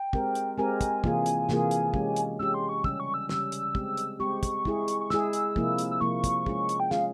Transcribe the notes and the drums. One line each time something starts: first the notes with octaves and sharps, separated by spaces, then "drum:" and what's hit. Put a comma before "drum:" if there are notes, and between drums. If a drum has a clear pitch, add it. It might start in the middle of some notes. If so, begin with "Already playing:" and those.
Already playing: G5
G#3 C4 G4 A#4, drum: kick
drum: hi-hat
G#3 C4 G4 A#4 G#5
drum: kick, hi-hat
C3 E3 A#3 F4 G#4, drum: kick
drum: hi-hat
C3 E3 A#3 F4 G#4, drum: snare
drum: hi-hat
G#3 C#4 G4, drum: kick
drum: hi-hat
G#3 C#4 G4 E6
C6
C#6
C#3 G3 C#4 E6, drum: kick
C#6
E6
C#3 G3 C#4 E6, drum: snare
drum: hi-hat
G#3 C4 G4, drum: kick
drum: hi-hat
G#3 C4 G4 C#6
drum: kick, hi-hat
G#3 E4 G#4, drum: kick
drum: hi-hat
C#6
G#3 E4 G#4 E6, drum: snare
drum: hi-hat
C3 F3 A#3 E4, drum: kick
drum: hi-hat
E6
C3 F3 A#3 E4 C#6
drum: kick, hi-hat
G#3 C#4 F4 G#4, drum: kick
drum: hi-hat
G5
G#3 C#4 F4 G#4 F5, drum: snare